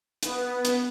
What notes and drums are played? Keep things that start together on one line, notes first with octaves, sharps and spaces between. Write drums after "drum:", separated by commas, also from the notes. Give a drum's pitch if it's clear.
B3, drum: hi-hat
drum: hi-hat